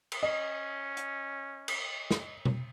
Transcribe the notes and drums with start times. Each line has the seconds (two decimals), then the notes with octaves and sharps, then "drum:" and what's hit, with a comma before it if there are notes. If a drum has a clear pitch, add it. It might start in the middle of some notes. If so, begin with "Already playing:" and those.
0.12 drum: cymbal
0.23 C#4 D#5
0.97 drum: hi-hat
1.68 drum: cymbal
2.11 drum: snare
2.45 drum: tom B2